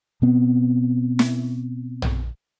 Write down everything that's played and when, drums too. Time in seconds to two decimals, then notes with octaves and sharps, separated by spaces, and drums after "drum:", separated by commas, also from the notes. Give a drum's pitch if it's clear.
0.22 B2 B3 C4
1.19 drum: snare
2.02 drum: tom A#1